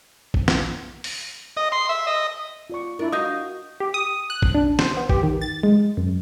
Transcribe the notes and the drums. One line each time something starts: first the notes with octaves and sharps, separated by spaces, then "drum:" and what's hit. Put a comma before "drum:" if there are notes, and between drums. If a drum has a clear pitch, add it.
drum: kick A1
drum: snare
drum: open hi-hat
D#5
C6
E5
D#5
F4 D5 C#6
D4 E4 A#4
F#4 D#5 F5 D#6 G6
G4
D#6
F#6
drum: kick A1
D4
C5, drum: snare
B3
G4, drum: kick A1
D#3
A6
G#3
F#2